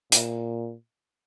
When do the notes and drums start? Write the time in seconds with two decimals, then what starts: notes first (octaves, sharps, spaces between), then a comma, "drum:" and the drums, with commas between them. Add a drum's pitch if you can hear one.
0.12 A#2, drum: hi-hat